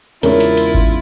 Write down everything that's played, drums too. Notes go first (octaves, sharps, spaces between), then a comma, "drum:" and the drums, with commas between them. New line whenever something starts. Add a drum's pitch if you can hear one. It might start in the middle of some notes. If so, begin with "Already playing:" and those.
E2 G#2 C#3 C#4 D4 E4 F4 A#4, drum: hi-hat
drum: hi-hat
drum: hi-hat
drum: kick G#1